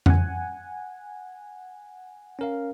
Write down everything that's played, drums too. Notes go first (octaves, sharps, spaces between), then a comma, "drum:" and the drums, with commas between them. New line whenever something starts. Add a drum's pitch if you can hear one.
F#5 G#5, drum: tom F2
C#4 A#4 F5